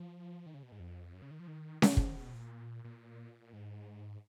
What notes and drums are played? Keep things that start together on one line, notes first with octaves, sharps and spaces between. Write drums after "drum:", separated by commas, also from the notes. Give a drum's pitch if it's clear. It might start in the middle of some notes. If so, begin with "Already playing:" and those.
Already playing: F3
D#3
C#3
B2
G#2
F2
F#2
C#3
D#3
F3
D#3
D#3, drum: snare C#4
drum: kick
B2
A#2
A#2
G#2